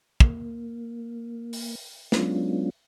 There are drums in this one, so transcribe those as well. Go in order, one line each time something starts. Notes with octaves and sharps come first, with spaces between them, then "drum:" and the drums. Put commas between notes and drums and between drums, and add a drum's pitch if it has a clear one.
A#3, drum: kick
drum: open hi-hat
F#3 G#3 B3 C#4 D4 F4, drum: snare